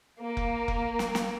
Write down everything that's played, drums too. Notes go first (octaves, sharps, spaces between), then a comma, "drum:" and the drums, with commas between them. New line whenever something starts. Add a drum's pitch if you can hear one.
A#3
drum: kick F1
drum: kick F1
drum: snare
drum: snare